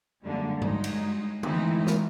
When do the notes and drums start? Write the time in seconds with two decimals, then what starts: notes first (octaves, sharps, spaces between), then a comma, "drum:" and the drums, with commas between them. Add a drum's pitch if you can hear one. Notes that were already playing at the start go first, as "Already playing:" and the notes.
0.24 F#2 D3 G3 G#3 A#3
0.62 G2 F#3 G#3 D#4, drum: tom G2
0.84 drum: cymbal
1.43 E3 G#3 A3 C4 D#4 E4, drum: tom D3
1.87 drum: snare